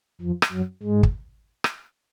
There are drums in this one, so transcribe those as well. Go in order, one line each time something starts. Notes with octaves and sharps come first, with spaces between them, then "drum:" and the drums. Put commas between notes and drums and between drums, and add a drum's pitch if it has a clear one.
F2 F3
drum: rim click
F#2 F#3
G#2 G#3
drum: kick
drum: rim click